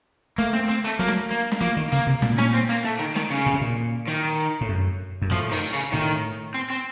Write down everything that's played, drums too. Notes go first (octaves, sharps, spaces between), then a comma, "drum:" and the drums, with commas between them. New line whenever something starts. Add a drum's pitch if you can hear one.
A3 A#3
C4
C4
A3, drum: hi-hat
F#3 A#3
drum: snare
A#3
drum: snare
F3 A#3
D#3
C#3 A#3
C3
A#2, drum: snare
C#4, drum: snare
C4
A#3
A3
D#3
D#3, drum: snare
C#3
A#2
C3
A#2
D#3
A2
F#2
F#2
A2 F3
D#3, drum: open hi-hat
C#3
A2 D#3
C4
C4